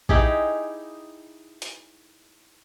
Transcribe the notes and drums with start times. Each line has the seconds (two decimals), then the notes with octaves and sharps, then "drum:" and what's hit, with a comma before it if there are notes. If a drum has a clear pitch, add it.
0.09 D#4 E4 G4 G#4, drum: kick A1
1.62 drum: hi-hat